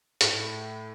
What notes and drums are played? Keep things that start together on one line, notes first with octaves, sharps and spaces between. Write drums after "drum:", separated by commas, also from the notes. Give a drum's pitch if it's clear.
A2 A3, drum: hi-hat